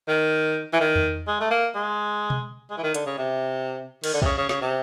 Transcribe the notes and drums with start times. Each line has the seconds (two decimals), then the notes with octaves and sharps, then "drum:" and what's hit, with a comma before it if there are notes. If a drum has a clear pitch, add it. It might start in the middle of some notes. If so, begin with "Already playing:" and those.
0.08 D#3
0.73 E3
0.80 D#3
0.95 drum: tom E2
1.27 G#3
1.40 A3
1.51 A#3
1.75 G#3
2.30 drum: tom B2
2.70 G#3
2.77 E3
2.83 D#3
2.94 D3, drum: hi-hat
3.06 C#3
3.18 C3
4.04 D#3, drum: cymbal
4.14 D3
4.22 C3, drum: kick
4.26 C#3
4.37 C#3
4.49 C#3, drum: snare
4.62 C3